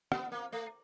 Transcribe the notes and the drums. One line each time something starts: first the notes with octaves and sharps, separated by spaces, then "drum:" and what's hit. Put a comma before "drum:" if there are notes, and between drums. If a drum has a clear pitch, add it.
B3, drum: rim click
A#3
A3